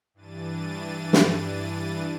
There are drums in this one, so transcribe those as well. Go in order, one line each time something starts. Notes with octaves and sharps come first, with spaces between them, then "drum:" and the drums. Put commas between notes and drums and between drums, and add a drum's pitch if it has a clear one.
G2 E3 D4 A6 D#7
drum: snare